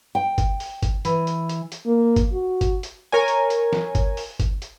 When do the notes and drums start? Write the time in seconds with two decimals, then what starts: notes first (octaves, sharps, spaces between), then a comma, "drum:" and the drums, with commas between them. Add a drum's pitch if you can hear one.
0.15 G5
0.38 drum: kick, hi-hat
0.60 drum: open hi-hat
0.82 drum: kick, hi-hat
1.05 E3, drum: hi-hat
1.27 drum: hi-hat
1.49 drum: hi-hat
1.72 drum: hi-hat
1.86 A#3
2.16 drum: kick, hi-hat
2.33 F#4
2.61 drum: kick, hi-hat
2.83 drum: hi-hat
3.12 A#4 C#5 G#5
3.28 drum: hi-hat
3.50 drum: hi-hat
3.73 drum: snare
3.95 drum: kick, hi-hat
4.17 drum: open hi-hat
4.40 drum: kick, hi-hat
4.62 drum: hi-hat